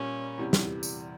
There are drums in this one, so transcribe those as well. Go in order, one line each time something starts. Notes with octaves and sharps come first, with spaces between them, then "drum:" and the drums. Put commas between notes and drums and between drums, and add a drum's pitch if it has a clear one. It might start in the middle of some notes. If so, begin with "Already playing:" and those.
Already playing: A#2 G3 A#3 C#4
E2 C3 E3 G3
drum: snare
drum: tambourine